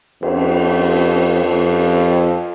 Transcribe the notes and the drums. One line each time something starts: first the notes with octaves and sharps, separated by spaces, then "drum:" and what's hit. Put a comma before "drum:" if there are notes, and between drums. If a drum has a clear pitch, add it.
F2, drum: cymbal
F2